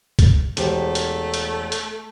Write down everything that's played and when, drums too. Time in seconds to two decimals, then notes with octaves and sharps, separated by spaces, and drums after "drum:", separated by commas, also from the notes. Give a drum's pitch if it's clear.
0.19 drum: kick, hi-hat
0.57 E1 A3 G4 C5, drum: hi-hat
0.95 drum: hi-hat
1.34 drum: hi-hat
1.72 drum: hi-hat